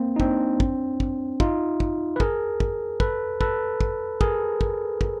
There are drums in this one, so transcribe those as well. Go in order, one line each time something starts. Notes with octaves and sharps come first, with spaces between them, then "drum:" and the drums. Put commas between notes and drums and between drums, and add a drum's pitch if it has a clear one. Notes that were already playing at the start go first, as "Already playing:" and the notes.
Already playing: A#3 C4
D#4
C4 D4, drum: kick
drum: kick
drum: kick
D#4 F4, drum: kick
drum: kick
B4
G#4 A#4, drum: kick
drum: kick
A4 B4, drum: kick
A4 B4, drum: kick
drum: kick
G#4 A#4, drum: kick
drum: kick
drum: kick